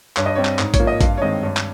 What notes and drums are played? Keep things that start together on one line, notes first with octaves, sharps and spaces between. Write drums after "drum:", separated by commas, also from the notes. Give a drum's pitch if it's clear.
G2 C#5, drum: clap
D#5
G3 C4 C#5
drum: clap
G#2, drum: clap
C#5, drum: kick A1, hi-hat
F3 A#3
D#5
G2 F5, drum: kick A1, hi-hat
C#5
D#3 G#3 C4 D#5
G2 C#5
drum: clap